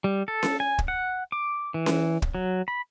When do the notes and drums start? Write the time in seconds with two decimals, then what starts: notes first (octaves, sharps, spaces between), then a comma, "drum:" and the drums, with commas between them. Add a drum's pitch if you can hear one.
0.04 G3
0.28 A4
0.43 drum: snare C#4
0.60 G#5
0.78 drum: kick
0.88 F#5
1.32 D6
1.74 E3
1.86 drum: snare C#4
2.22 drum: kick
2.35 F#3
2.68 B5